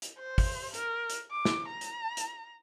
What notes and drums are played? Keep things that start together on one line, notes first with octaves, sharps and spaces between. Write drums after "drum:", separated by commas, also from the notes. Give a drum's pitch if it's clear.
drum: hi-hat
C5
drum: kick, open hi-hat
A#4, drum: hi-hat
drum: hi-hat
D6
drum: snare
A#5
drum: hi-hat
drum: hi-hat